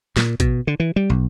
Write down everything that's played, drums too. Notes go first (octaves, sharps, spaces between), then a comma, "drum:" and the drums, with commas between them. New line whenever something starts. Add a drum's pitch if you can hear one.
A#2, drum: snare
B2, drum: kick, hi-hat
D3
E3
G3
B1